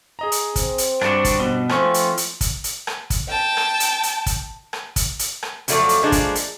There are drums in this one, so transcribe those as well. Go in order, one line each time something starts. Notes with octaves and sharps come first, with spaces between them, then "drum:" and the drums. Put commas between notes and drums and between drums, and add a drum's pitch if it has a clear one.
G#4 D#5 A#5
drum: hi-hat
C4, drum: kick, hi-hat
drum: hi-hat
G2 D4 F#4 D5 E7, drum: rim click
drum: kick, hi-hat
B2
F3 A3 C4 G#5 C#6, drum: rim click
drum: hi-hat
drum: hi-hat
drum: kick, hi-hat
drum: hi-hat
drum: rim click
drum: kick, hi-hat
G5 A5
drum: rim click
drum: hi-hat
drum: hi-hat
drum: kick, hi-hat
drum: rim click
drum: kick, hi-hat
drum: hi-hat
drum: rim click
F2 F3 F#3 A3 D5, drum: hi-hat
drum: hi-hat
F3 G#3 A#3 D4
drum: kick, hi-hat
drum: hi-hat